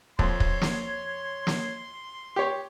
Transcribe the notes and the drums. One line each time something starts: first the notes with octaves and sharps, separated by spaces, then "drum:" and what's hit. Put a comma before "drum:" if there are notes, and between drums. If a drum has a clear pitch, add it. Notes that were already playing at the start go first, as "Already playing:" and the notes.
F2 C#5 C6, drum: kick
drum: kick
drum: snare
drum: snare
G4 C#5